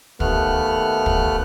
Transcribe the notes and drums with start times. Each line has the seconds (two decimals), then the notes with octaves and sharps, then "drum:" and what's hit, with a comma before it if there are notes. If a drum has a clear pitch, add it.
0.20 D#2 A3 B3 F6 F#6, drum: kick
1.06 drum: kick